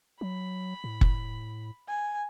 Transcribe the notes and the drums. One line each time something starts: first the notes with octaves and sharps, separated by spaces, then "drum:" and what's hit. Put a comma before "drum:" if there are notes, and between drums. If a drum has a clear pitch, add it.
F#3 B5
A2
drum: kick F#1
G#5